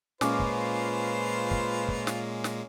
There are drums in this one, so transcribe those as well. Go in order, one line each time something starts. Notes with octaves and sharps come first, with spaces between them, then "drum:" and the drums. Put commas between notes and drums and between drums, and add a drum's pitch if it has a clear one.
A#2 G#3 A#3 C#4 F4 B4 C5 D6, drum: snare
drum: kick
drum: kick
drum: kick
drum: snare
drum: snare